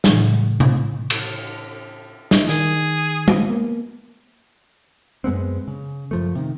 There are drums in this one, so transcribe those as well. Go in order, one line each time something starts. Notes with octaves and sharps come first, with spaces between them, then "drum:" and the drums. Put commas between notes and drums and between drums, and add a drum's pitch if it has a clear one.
A2 C#3 E3 F#3 G#3, drum: snare
drum: tom C3
drum: cymbal
D#5 E5, drum: snare
D#3 G#4, drum: hi-hat
drum: tom G#3
A#3 B3
F#2 G#3 B3 C4
C#3
F#2 F3 A3
C3 D#3